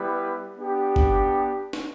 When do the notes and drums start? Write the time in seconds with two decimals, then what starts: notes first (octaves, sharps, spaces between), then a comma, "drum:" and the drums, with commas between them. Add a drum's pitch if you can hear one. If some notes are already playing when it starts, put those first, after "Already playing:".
Already playing: G3 B3 E4 G4 B4
0.57 B3 D4 G4
0.96 drum: kick G1
1.73 drum: snare